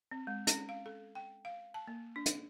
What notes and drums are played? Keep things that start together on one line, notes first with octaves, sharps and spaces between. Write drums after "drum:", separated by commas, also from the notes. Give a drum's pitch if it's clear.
C4
G#3
C#4, drum: hi-hat
F5
A4
G5
F5
A5
A#3
D4
drum: hi-hat